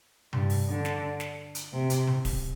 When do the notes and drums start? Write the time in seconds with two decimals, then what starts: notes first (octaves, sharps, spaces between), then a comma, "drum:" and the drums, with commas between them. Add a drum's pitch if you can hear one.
0.33 G2, drum: tom C3
0.50 drum: open hi-hat
0.67 D3
0.85 drum: snare
1.20 drum: snare
1.55 drum: hi-hat
1.72 C3
1.90 drum: hi-hat
2.07 drum: tom C3
2.25 drum: kick D1, open hi-hat